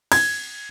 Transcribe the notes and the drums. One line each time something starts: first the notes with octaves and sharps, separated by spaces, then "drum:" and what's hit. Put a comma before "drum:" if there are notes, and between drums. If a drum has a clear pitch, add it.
G#6, drum: cymbal